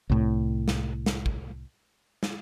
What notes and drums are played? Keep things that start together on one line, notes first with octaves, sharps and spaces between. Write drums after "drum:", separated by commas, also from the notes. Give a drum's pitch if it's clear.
C2 A2
drum: snare
drum: snare
drum: kick
drum: snare